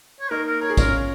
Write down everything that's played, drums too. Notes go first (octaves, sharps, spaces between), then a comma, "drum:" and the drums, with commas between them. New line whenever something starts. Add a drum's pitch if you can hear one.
C#5
A#3 D#4 A#4
A#4
A#4 C#5
G#4
C#4 F4 A#4, drum: kick, tambourine